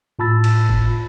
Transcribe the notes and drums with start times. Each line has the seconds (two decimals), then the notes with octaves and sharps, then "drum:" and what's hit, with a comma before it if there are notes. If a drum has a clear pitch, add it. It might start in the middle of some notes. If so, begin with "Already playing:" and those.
0.19 A2 F4 A5 B5 E6 A6
0.44 drum: cymbal
0.69 drum: kick